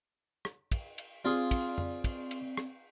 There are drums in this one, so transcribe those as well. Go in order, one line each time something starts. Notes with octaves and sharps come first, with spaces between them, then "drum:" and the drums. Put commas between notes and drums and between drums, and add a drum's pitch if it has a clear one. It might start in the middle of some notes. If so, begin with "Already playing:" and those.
drum: rim click
drum: kick, cymbal
drum: cymbal
C4 F4 G#4 D5
drum: kick, cymbal
drum: tom F2
drum: kick, cymbal
drum: cymbal
drum: rim click